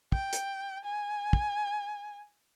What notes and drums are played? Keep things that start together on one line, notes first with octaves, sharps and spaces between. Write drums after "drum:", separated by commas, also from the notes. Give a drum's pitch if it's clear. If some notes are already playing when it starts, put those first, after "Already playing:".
G5, drum: kick
drum: hi-hat
G#5
drum: kick